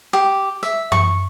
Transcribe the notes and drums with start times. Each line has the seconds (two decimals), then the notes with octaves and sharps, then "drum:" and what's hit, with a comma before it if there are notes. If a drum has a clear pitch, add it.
0.13 G4
0.63 E5, drum: tambourine
0.92 C#6, drum: tom F#2